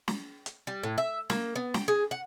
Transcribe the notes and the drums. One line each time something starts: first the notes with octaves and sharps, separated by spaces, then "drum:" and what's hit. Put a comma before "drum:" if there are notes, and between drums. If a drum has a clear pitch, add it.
drum: snare
drum: hi-hat
G3
A2
E5
A#3, drum: snare
B3
G5, drum: snare
G#4
F#5